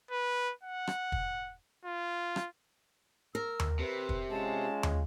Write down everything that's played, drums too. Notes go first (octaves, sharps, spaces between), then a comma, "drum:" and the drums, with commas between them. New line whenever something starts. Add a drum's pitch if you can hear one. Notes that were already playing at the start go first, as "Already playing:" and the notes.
B4
F#5
drum: rim click
drum: kick
F4
drum: rim click
A#4 E6
drum: tom D#2
C3 B4
drum: kick
G#3 C#4 F4 A5
drum: tom D#2